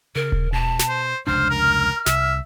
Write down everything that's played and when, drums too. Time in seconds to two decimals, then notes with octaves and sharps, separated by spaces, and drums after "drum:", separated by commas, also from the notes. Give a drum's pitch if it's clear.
0.16 C#3 A#4
0.32 drum: kick D#1
0.53 B2 A5
0.79 drum: snare
0.89 C5
1.27 F1 C#2 D4 C5 F6
1.50 A#4
2.06 C2 E5, drum: snare